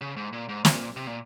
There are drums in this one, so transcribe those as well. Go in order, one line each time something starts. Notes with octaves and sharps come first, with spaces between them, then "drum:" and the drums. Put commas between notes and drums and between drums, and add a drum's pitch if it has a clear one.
C#3
G#2
A#2
G#2
A#2, drum: snare
C3
A#2